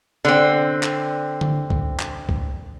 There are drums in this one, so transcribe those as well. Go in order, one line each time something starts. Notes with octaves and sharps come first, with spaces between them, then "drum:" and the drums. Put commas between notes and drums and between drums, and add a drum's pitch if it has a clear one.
D3 C4
drum: clap
drum: tom D3
drum: kick C2
drum: clap
drum: kick C2